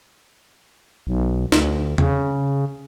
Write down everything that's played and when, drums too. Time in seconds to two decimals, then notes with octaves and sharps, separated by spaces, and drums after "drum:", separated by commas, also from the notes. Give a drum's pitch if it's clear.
1.07 B1
1.52 D2, drum: snare
1.98 C#3, drum: tom E2